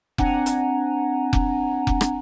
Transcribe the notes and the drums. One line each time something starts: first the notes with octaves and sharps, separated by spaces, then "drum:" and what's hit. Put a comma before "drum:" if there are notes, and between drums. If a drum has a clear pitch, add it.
C4 D4 F#5 G#5 A#5, drum: kick F1
drum: hi-hat
drum: kick F1
drum: kick F1
drum: rim click